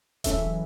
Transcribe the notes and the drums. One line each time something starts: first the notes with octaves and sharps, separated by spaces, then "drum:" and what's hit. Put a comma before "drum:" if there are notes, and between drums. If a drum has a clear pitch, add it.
E3 C#4 A4 E5, drum: kick D#1, hi-hat
F#3